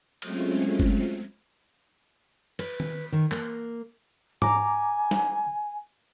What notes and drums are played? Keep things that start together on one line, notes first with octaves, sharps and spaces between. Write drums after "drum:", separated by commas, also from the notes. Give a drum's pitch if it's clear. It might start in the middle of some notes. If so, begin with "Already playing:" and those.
F#3 G#3 A3 C4 C#4 F4, drum: cymbal
drum: kick F#1
B4, drum: cymbal
drum: tom D#3
D#3
A#3, drum: clap
G#5 A#5 D6, drum: tom G#2
drum: snare